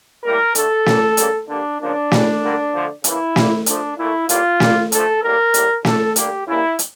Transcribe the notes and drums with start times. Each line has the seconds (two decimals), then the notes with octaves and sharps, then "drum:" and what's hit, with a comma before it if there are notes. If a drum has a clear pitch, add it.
0.24 A2 G3 A#3 A#4
0.55 D3 A3 A4, drum: hi-hat
0.86 C#3 G3 A#3, drum: snare
1.17 C#3 G3 A#3, drum: hi-hat
1.48 D3 G3 A#3 D4
1.79 C#3 F3 A#3 D4
2.11 C#3 E3 G3, drum: snare
2.42 D3 G3 A#3
2.73 D3 F3 A3
3.04 C#3 E3 A#3 E4, drum: hi-hat
3.36 A#2 G3 A#3, drum: snare
3.66 D3 F3 A3 D4, drum: hi-hat
3.98 A#2 A3 E4
4.29 A2 G3 A#3 F4, drum: hi-hat
4.60 A#2 G3 A#3, drum: snare
4.92 D3 F3 A3 A4, drum: hi-hat
5.22 A2 G3 A#3 A#4
5.54 A2 G3 A#3, drum: hi-hat
5.85 D3 A3 A4, drum: snare
6.16 D3 G3 A#3 G4, drum: hi-hat
6.48 C#3 G3 A#3 E4
6.79 drum: hi-hat